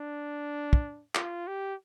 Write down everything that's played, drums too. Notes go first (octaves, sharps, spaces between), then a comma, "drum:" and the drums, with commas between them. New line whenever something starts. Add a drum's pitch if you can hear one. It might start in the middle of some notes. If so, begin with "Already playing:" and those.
Already playing: D4
drum: kick
F4, drum: clap
G4